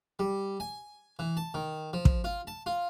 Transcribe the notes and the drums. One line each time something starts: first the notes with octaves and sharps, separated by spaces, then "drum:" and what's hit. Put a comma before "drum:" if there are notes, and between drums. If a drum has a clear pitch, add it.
G3
G#5
E3
A5
D#3
F3
drum: kick
F4
A5
F4